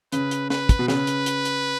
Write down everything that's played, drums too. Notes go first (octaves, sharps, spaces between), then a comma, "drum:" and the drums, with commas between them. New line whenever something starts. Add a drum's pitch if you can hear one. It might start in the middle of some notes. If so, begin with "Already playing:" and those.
C#3 B4, drum: hi-hat
drum: hi-hat
B4, drum: snare
drum: kick, hi-hat
B2
C#3 B4, drum: snare
drum: hi-hat
drum: hi-hat
drum: hi-hat